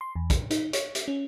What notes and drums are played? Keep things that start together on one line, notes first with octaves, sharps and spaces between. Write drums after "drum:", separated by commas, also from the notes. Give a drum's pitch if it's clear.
C6
E2
drum: kick, hi-hat
D#4, drum: hi-hat
C#5, drum: hi-hat
drum: hi-hat
C#4